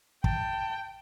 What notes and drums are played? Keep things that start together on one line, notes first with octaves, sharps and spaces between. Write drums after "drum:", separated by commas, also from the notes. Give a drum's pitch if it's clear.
G5 A5, drum: kick